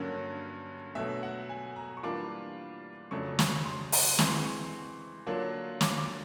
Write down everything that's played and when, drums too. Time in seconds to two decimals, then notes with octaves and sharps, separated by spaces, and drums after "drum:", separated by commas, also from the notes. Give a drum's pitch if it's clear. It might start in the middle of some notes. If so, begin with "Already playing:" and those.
Already playing: G2 D3 F#3 A#3 C#4
0.95 B2 F#3 A3 E5
1.23 F#5
1.49 G#5
1.76 A#5
1.97 C#6
2.03 E3 G3 A#3 D4 F4 D6
3.11 F2 C#3 F#3 A3 D4 C#6
3.39 C#6, drum: snare
3.66 C6
3.92 F#5, drum: open hi-hat
4.19 E3 G#3 C4 C6, drum: snare
4.45 C#6
5.26 D3 F#3 A#3 D4 F4
5.81 D6, drum: snare
5.98 D6